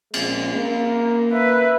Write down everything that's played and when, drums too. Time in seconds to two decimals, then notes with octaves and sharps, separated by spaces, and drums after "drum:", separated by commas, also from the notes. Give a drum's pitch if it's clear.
0.14 A#1 F3 G#3, drum: cymbal
0.54 A#3
1.33 B4 E5